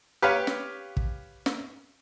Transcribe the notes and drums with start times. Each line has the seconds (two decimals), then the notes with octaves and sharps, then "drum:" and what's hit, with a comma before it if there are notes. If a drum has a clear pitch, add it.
0.22 G4 B4 C#5 F5
0.47 drum: snare
0.97 drum: kick
1.46 drum: snare